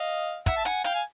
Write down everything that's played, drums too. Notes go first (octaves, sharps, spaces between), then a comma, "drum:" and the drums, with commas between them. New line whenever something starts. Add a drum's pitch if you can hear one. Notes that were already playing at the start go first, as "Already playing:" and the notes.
Already playing: D#5 F5
E5 F#5, drum: kick, hi-hat
A5
F#5 G#5, drum: hi-hat
F5 G5, drum: hi-hat
G#5